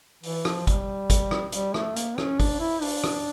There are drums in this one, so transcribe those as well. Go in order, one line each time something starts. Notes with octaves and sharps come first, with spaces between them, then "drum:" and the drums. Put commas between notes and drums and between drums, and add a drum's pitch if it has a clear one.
E3, drum: open hi-hat
F3, drum: rim click
G3, drum: kick G#1, hi-hat
drum: kick G#1, hi-hat
drum: rim click
G3, drum: hi-hat
A3, drum: rim click
A#3, drum: hi-hat
C#4, drum: rim click
D4, drum: kick G#1, open hi-hat
E4
D4, drum: open hi-hat
drum: rim click